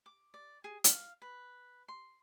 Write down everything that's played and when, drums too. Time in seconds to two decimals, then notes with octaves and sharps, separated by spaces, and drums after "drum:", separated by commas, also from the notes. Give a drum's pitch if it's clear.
0.06 D6
0.34 D5
0.64 G#4
0.84 F5, drum: hi-hat
1.22 B4
1.88 C6